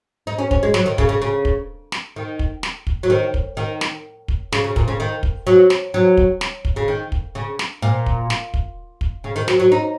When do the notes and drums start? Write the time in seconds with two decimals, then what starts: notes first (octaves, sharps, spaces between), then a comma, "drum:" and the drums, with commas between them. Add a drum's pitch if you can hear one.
0.27 D#4
0.38 C#4
0.51 C#4, drum: kick
0.63 G#3
0.74 F#3, drum: snare
0.86 D#3
0.98 C#3, drum: kick
1.09 C#3
1.22 C#3
1.45 drum: kick
1.92 drum: snare
2.16 D#3
2.39 drum: kick
2.63 drum: snare
2.87 drum: kick
3.03 F#3
3.10 D#3
3.34 drum: kick
3.57 D#3
3.81 drum: snare
4.28 drum: kick
4.52 C#3, drum: snare
4.64 C#3
4.76 A#2, drum: kick
4.88 C#3
5.00 D#3
5.23 drum: kick
5.47 F#3
5.70 drum: snare
5.94 F#3
6.17 drum: kick
6.41 drum: snare
6.65 drum: kick
6.76 C#3
6.88 D#3
7.12 drum: kick
7.35 C#3
7.59 drum: snare
7.82 A#2
8.06 drum: kick
8.30 drum: snare
8.54 drum: kick
9.01 drum: kick
9.24 C#3
9.36 D#3
9.48 F#3, drum: snare
9.59 F#3
9.72 D#4